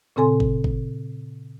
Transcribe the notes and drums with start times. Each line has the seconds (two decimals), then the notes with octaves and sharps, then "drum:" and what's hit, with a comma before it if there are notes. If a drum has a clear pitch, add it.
0.16 A#2 C#3 C4 A4 G#5 C6
0.40 drum: kick
0.64 drum: kick